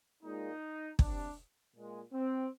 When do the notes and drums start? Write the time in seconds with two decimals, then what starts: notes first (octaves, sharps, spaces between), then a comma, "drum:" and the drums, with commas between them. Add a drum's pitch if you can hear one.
0.23 A#2 G#3 D#4
0.99 C3 G3 D4, drum: kick
1.75 A#2 G#3
2.13 C4